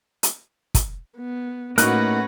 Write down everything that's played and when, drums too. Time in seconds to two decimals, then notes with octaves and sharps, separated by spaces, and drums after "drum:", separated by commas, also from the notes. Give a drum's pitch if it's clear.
0.23 drum: hi-hat
0.75 drum: kick, hi-hat
1.19 B3
1.78 A2 A#3 C#4 D#4 F#4 B4 F#6 A#6, drum: hi-hat